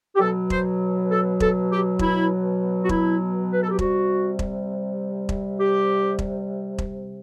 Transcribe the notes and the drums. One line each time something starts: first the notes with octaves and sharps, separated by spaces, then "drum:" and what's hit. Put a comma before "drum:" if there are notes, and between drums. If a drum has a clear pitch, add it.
G4
B2 F#3 A4
C5, drum: kick E1
A4
A4, drum: kick E1
G4
E4, drum: kick E1
F#4
E4, drum: kick E1
B4
A4
G4
C3 G3 F#4, drum: kick E1
drum: kick E1
drum: kick E1
G4
drum: kick E1
drum: kick E1